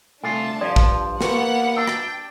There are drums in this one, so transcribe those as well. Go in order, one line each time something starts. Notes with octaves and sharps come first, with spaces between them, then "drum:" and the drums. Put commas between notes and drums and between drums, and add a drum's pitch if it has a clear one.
C2 A3 D4 F4 G#5 A5 D6
G2 F3 D5 F5
drum: kick A#1
A#3 B3 G4 B4 F#5 C#6, drum: snare
D4 G5 E6
drum: rim click